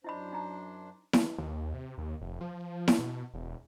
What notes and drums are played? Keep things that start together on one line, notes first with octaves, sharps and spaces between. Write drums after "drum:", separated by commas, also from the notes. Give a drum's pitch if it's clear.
F#2 D4 E4 C5 D#5 B5
D#4 A#5
drum: snare E4
D#2
C3
D#2
F1
F3
drum: snare E4
B2
E1